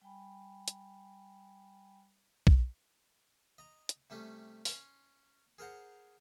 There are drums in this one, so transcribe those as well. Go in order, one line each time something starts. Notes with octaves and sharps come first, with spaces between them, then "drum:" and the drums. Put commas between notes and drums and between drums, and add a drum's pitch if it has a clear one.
G3 G5 G#5 B5
drum: hi-hat
drum: kick
D#5 A#5
drum: hi-hat
C3 G3 A3 C#4
C#4 C6, drum: open hi-hat
G#4 A#4 C5 F#5 A#5